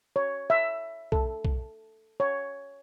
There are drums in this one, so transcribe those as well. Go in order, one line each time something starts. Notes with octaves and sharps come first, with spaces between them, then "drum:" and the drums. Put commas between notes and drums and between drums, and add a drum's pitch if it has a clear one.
C#5
E5
A4, drum: kick
drum: kick
C#5